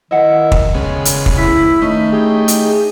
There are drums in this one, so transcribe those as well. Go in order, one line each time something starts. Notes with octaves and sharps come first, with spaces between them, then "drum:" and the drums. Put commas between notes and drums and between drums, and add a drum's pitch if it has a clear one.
D#3 E4 D#5 F#5
drum: kick
C#3 G#3 B3
drum: hi-hat
drum: kick
E4 B6
D#3 A3 C#4 D#4
D#4 G4 G#4
drum: hi-hat